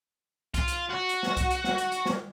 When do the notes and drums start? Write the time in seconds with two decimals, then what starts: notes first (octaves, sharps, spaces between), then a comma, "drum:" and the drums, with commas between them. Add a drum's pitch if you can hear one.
0.54 F4, drum: kick C2, hi-hat
0.68 drum: hi-hat
0.90 F#4
1.09 drum: hi-hat
1.23 drum: snare
1.37 drum: kick C2, hi-hat
1.51 drum: hi-hat
1.64 drum: snare
1.78 drum: hi-hat
1.92 drum: hi-hat
2.06 drum: snare